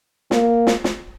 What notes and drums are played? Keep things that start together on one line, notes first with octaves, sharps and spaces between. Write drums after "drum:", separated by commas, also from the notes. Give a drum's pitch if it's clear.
A#3, drum: snare
drum: snare
drum: snare